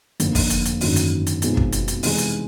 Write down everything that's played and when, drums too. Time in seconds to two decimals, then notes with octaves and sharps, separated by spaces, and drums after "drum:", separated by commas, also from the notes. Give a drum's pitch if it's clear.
0.20 F1 F2 D3 F3 A#3, drum: hi-hat
0.35 drum: kick, open hi-hat
0.50 drum: hi-hat
0.65 drum: hi-hat
0.81 G#1 F#2 D3 F#3, drum: open hi-hat
0.96 drum: hi-hat
1.27 drum: hi-hat
1.42 B1 B2 G#3 C4 F4, drum: hi-hat
1.57 drum: kick
1.72 drum: hi-hat
1.88 drum: hi-hat
2.03 C3 E3 G#3, drum: open hi-hat
2.18 drum: hi-hat